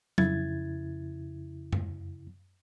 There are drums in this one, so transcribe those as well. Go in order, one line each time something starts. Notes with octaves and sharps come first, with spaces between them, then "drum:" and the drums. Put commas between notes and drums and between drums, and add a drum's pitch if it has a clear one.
F2 C#3 E4 G#6 A6, drum: tom F#3
drum: tom F#2